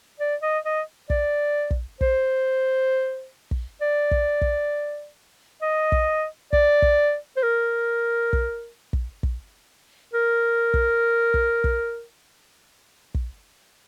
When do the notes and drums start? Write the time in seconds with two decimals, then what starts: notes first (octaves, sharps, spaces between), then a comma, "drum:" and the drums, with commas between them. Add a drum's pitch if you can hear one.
0.20 D5
0.43 D#5
0.65 D#5
1.10 D5, drum: kick
1.71 drum: kick
2.01 C5, drum: kick
3.51 drum: kick
3.81 D5
4.11 drum: kick
4.41 drum: kick
5.62 D#5
5.92 drum: kick
6.53 D5, drum: kick
6.82 drum: kick
7.37 C5
7.43 A#4
8.33 drum: kick
8.93 drum: kick
9.23 drum: kick
10.14 A#4
10.74 drum: kick
11.34 drum: kick
11.64 drum: kick
13.15 drum: kick